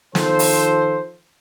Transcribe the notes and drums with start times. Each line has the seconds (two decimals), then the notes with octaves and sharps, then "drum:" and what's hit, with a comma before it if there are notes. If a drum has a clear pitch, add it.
0.15 D#3 F3 A4 C5, drum: snare
0.39 drum: open hi-hat